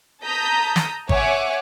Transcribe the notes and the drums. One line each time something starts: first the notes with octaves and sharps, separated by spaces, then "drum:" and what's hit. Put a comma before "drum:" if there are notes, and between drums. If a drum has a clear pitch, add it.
A5 A#5 D#6 G6 B6
drum: snare
C#5 E5 F#5 G#5 C#6 D6, drum: kick